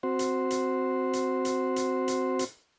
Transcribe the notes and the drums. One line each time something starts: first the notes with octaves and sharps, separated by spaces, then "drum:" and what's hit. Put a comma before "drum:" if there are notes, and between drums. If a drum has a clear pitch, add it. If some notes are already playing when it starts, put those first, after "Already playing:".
C4 F#4 C5
drum: hi-hat
drum: hi-hat
drum: hi-hat
drum: hi-hat
drum: hi-hat
drum: hi-hat
drum: hi-hat